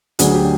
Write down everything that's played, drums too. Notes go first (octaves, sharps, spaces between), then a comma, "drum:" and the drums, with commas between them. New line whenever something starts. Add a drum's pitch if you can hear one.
D2 D3 F#3 G#4, drum: hi-hat
G4